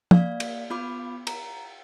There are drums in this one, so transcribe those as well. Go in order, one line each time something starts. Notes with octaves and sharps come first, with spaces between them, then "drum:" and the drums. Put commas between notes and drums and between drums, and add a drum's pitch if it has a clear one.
A#3 D5 F5, drum: tom
drum: cymbal
B3 F4 B5 D6
A#5, drum: cymbal